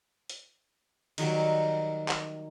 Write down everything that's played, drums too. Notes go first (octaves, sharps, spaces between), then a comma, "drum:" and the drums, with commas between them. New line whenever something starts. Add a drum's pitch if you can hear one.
drum: hi-hat
D#3 F#3 G3 A#3, drum: cymbal
drum: clap